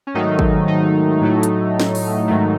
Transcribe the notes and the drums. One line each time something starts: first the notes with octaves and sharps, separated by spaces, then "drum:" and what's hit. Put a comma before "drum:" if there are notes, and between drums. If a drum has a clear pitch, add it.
C#4
G#2 D#3 F#3 A3 D#4
drum: kick
D#4
A2 F#3 A3
drum: hi-hat
drum: snare
drum: open hi-hat
G#2 D#3 F#3 A3